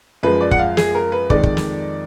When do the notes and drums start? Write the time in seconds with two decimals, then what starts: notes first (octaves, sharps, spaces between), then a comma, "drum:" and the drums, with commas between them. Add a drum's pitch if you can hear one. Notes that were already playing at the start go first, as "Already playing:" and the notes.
0.23 F#2 F3 G#3 B4
0.41 D5
0.51 F#5, drum: kick
0.59 F5
0.77 G#4, drum: snare
0.95 A#4
1.12 B4
1.30 F2 D#3 G#3 D5, drum: kick
1.43 drum: kick
1.57 drum: snare